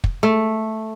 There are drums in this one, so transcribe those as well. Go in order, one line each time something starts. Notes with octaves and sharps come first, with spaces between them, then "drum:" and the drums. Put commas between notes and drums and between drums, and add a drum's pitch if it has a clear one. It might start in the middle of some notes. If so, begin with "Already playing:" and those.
drum: kick
A3